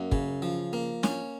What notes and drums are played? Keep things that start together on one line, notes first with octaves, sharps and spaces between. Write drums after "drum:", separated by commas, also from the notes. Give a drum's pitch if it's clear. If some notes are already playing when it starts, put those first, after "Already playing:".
Already playing: F#2 A#3
C#3, drum: kick
F3
A#3
C#4, drum: snare